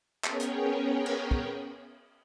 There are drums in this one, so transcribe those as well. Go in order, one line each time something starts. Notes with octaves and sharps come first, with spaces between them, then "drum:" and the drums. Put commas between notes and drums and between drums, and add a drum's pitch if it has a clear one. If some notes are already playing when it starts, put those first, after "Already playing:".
B3 C#4 G#4 A#4 C#5 G5, drum: clap
drum: hi-hat
drum: cymbal
drum: kick